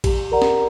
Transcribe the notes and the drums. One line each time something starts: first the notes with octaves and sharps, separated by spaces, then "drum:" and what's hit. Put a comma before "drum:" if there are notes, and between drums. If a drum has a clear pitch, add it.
G4, drum: kick A1, cymbal
A#4 D5 F#5 A#5
drum: snare